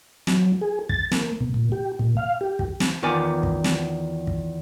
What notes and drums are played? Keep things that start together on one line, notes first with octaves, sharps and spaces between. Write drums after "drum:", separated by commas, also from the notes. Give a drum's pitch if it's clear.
F#3, drum: snare
G#4
A6, drum: kick
A#3, drum: snare
B2
A#2
G4
A#2
F5
G4
drum: kick
drum: snare
E2 D#3 B3 F4 D5 G#5
drum: kick
drum: snare
drum: kick